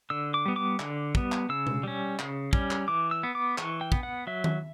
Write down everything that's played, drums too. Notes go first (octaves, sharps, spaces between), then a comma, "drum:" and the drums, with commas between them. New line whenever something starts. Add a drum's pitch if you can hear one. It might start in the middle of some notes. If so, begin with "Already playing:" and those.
D3 E6
D6
G3 B3
D6
D3, drum: clap
G3 B3, drum: kick
drum: clap
C#3 E6
drum: tom B2
G3 C#4
C#3, drum: clap
G3 C#4, drum: kick
drum: clap
E3 D6
E6
B3
D6
E3 C#6, drum: clap
G5
B3, drum: kick
F#5
F#3 E5
drum: tom D#3